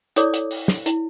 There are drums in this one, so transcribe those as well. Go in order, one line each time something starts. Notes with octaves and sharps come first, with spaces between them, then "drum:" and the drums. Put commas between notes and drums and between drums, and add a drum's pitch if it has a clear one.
E4 A4 C#5 D5 D6, drum: hi-hat
drum: hi-hat
drum: open hi-hat
drum: snare
E4, drum: hi-hat